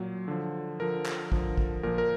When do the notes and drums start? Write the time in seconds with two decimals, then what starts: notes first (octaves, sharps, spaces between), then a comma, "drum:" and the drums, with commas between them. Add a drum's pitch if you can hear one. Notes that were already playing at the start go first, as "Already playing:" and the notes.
Already playing: A#2 F#3
0.28 D3 F3
0.80 D3 F3 A#4
1.06 drum: clap
1.32 D3 F3, drum: kick A1
1.57 drum: kick A1
1.83 A#2 F3 A#4
1.98 A#4